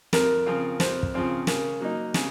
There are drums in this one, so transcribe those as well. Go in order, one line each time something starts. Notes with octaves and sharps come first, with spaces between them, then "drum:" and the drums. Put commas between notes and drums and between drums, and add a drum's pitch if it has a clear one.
F2 A#4, drum: snare
C#3 F3 C4 F4
F2 C5, drum: snare
drum: kick
C#3 F3 C4 F4
C#3 A#4, drum: snare
F#3 A#3 D#4
C#3, drum: snare